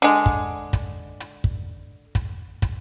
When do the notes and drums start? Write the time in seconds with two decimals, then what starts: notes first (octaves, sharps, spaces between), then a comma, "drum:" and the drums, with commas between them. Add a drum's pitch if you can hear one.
0.02 D3 G#3
0.26 drum: kick
0.73 drum: kick, hi-hat
1.20 drum: hi-hat
1.44 drum: kick
2.15 drum: kick, hi-hat
2.62 drum: kick, hi-hat